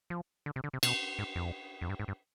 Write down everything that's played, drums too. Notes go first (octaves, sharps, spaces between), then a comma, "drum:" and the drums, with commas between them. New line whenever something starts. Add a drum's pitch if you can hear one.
F3
D3
C3
D3
C3
B2, drum: cymbal
G#2
F2
F2
G2
G#2
G2